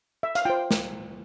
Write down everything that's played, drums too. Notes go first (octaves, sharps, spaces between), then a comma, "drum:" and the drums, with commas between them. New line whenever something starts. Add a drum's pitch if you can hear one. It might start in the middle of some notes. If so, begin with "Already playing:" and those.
E5
F5, drum: hi-hat
F4 C5 G5
drum: snare